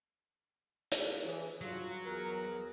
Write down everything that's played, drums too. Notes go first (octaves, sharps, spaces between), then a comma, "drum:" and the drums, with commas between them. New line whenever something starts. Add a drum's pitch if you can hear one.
drum: hi-hat
E3 G#4
G2 F#3 F4
E2 G#4 A#4